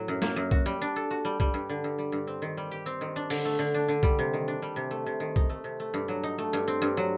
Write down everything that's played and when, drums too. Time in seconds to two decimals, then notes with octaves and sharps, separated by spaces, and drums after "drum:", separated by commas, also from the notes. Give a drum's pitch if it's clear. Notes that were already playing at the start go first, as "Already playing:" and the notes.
Already playing: A2 F#3 C4
0.08 F#2
0.22 A#3, drum: snare
0.36 F#2
0.51 F#4, drum: kick B1
0.66 G3
0.82 D4
0.96 A4
1.11 F#4
1.25 G3
1.40 G3, drum: kick B1
1.54 G2
1.69 D3
1.84 G2
1.98 G3
2.12 G2
2.27 C4
2.42 D#3
2.57 G3
2.71 G4
2.86 C4
3.01 D#3
3.16 D4
3.30 D3, drum: open hi-hat
3.45 A3
3.59 D3
3.74 D4
3.88 D3
4.03 G3, drum: kick B1
4.19 C3
4.33 D#3
4.48 D4
4.62 G3
4.76 C3
4.91 A3
5.06 C3
5.20 D#3
5.36 D#4, drum: kick B1
5.49 A3
5.64 C3
5.80 A3
5.94 G2
6.08 F#3
6.23 D#4
6.38 A3
6.53 G2, drum: hi-hat
6.68 C4
6.82 G2
6.97 F#3